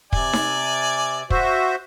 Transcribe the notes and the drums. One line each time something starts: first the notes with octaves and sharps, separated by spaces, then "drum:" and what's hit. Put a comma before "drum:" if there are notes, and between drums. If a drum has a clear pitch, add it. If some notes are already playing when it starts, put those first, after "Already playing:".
C3 D5 G#5, drum: kick
drum: snare D#4
F#4 C5 E5, drum: kick